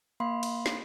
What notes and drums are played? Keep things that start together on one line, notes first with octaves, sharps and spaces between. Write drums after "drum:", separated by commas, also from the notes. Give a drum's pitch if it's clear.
A#3 F5 B5 C6
drum: cymbal
drum: snare